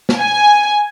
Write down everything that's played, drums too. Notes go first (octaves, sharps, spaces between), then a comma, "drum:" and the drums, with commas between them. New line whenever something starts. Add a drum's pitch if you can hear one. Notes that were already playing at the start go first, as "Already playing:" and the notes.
drum: snare
G#5